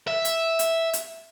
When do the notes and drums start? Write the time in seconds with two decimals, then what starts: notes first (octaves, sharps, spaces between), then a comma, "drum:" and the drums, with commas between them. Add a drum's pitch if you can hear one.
0.07 E5
0.25 drum: hi-hat
0.59 drum: hi-hat
0.93 drum: hi-hat